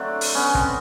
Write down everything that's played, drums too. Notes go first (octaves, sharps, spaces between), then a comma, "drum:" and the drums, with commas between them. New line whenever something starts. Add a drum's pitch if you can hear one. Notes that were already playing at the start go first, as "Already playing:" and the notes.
Already playing: D3 F#3 A3 C4 D4
drum: open hi-hat
B3 C#4
C4, drum: kick